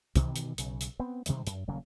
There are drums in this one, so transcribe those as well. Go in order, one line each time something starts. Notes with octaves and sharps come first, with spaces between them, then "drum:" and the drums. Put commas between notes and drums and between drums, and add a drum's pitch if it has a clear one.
G2 B2 D#3 E3, drum: kick C2, hi-hat
drum: hi-hat
B1 C#3, drum: hi-hat
drum: hi-hat
B3 C4
B2 D#3 G3 G#3, drum: hi-hat
F#2, drum: hi-hat
D#1 C#3 F#3 A#3